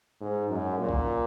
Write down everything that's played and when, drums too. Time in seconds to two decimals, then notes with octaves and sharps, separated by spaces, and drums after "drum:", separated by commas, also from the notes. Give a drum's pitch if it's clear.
0.21 G#2
0.49 F#2
0.78 A#2
0.89 drum: kick A#1